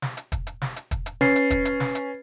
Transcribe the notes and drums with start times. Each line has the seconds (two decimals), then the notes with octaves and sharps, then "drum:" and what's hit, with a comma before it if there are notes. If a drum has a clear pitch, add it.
0.02 drum: snare
0.17 drum: hi-hat
0.32 drum: kick, hi-hat
0.47 drum: hi-hat
0.62 drum: snare
0.76 drum: hi-hat
0.91 drum: kick, hi-hat
1.06 drum: hi-hat
1.21 C#4 B4 A6 C7, drum: snare
1.36 drum: hi-hat
1.50 drum: kick, hi-hat
1.65 drum: hi-hat
1.80 drum: snare
1.95 drum: hi-hat